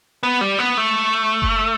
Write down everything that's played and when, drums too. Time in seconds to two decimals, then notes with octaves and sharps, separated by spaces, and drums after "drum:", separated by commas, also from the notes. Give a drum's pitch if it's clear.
0.23 B3
0.41 G3
0.59 B3
0.77 A3
1.42 drum: kick F#1